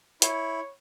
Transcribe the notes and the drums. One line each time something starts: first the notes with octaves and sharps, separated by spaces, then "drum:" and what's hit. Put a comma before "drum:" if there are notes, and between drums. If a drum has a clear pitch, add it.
E4 C#5, drum: hi-hat